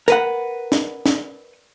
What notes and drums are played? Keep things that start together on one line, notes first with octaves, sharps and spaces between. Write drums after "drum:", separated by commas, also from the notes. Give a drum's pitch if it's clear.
A#4 B4 F#5, drum: hi-hat
drum: snare
drum: snare